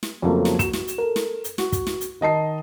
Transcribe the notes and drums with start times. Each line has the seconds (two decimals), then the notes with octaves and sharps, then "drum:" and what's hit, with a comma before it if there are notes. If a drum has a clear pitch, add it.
0.03 drum: snare
0.22 F2 C#3 F3 F#3 A3 A#3
0.45 drum: snare
0.59 F#4 E7, drum: kick, hi-hat
0.73 drum: snare
0.88 drum: hi-hat
0.98 A4 A#4
1.16 drum: snare
1.44 drum: hi-hat
1.58 F#4, drum: snare
1.72 drum: kick, hi-hat
1.87 drum: snare
2.01 drum: hi-hat
2.21 D#3 D#5 A5 C7